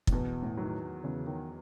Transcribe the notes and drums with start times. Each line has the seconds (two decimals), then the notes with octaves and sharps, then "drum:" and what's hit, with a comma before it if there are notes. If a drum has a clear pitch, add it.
0.07 A2, drum: kick
0.12 E2 B2
0.43 A2
0.57 D#3 F#3
1.04 E2 C#3
1.27 D#3